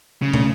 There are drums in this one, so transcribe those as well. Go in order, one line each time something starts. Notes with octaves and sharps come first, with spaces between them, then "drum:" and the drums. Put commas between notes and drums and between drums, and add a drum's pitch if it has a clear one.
C#3
drum: tom